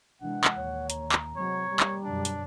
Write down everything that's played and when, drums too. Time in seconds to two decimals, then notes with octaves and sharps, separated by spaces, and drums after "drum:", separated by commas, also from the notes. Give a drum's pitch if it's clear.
0.22 C3 E3 G#3 D4 F#5
0.44 drum: clap
0.56 D#2 A#2 C#5
0.90 A#5, drum: hi-hat
1.12 drum: clap
1.36 C3 F#3 G#3 C4 C#5
1.69 B2 G3 A#3
1.80 drum: clap
2.04 F#2 B2 D3 D4
2.25 drum: hi-hat